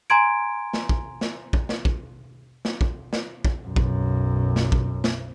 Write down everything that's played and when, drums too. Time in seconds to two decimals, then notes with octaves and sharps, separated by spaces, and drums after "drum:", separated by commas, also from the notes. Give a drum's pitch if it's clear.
0.10 G#5 A#5 C6 G#6 D7
0.73 drum: snare
0.89 drum: kick
1.21 drum: snare
1.53 drum: kick
1.69 drum: snare
1.85 drum: kick
2.65 drum: snare
2.81 drum: kick
3.13 drum: snare
3.45 drum: kick
3.66 B1 F#2
3.76 drum: kick
4.56 drum: snare
4.72 drum: kick
5.04 drum: snare